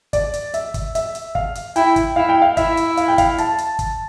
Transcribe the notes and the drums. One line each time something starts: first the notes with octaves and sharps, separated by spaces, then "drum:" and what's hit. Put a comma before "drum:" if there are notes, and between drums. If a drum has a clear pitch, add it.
D5, drum: kick, hi-hat
drum: hi-hat
E5, drum: hi-hat
drum: kick, hi-hat
E5, drum: hi-hat
drum: hi-hat
F5, drum: kick
drum: hi-hat
E4 G5, drum: hi-hat
drum: kick, hi-hat
E4 F5
G5
F5
E4 E5, drum: kick, hi-hat
drum: hi-hat
F5, drum: hi-hat
G5
F5, drum: kick, hi-hat
A5, drum: hi-hat
drum: hi-hat
drum: kick, hi-hat